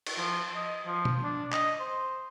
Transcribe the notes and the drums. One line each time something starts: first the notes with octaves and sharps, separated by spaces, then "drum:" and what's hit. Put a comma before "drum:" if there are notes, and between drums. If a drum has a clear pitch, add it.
drum: cymbal
F3
D#5
F3
drum: tom B2
D4
D#5, drum: clap
C5